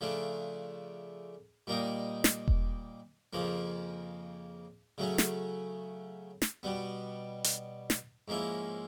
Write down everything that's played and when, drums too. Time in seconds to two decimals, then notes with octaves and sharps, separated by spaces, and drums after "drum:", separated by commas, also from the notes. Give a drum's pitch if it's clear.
0.01 C#3 F3 A3 D4
1.67 A#2 G3 A#3 D#4
2.24 drum: snare
2.48 drum: kick E1
3.33 F2 C#3 F3 A#3
4.98 C#3 F#3 A3 C#4
5.18 drum: snare
6.42 drum: snare
6.63 B2 G3 B3
7.44 drum: hi-hat
7.90 drum: snare
8.28 G#2 F3 A#3 C#4 E4